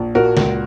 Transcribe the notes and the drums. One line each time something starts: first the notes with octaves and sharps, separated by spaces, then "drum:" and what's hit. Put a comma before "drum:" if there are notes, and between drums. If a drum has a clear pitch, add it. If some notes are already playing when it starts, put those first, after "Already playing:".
Already playing: A#1
A#2 F#4 A#4
C#2, drum: snare